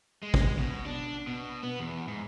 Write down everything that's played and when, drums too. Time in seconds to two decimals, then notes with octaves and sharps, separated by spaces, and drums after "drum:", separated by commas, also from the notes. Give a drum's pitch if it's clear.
0.23 G#3
0.34 drum: kick
0.59 B2
0.85 D4
1.27 B2
1.63 B3
1.80 E2
2.08 G#2